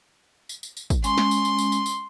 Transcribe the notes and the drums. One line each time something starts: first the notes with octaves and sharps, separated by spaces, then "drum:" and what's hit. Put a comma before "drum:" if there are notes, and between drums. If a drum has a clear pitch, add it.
drum: tambourine
drum: tambourine
drum: tambourine
drum: kick, tambourine
G#3 C#4 C6, drum: tambourine
drum: snare
drum: tambourine
drum: tambourine
drum: tambourine
drum: tambourine
drum: tambourine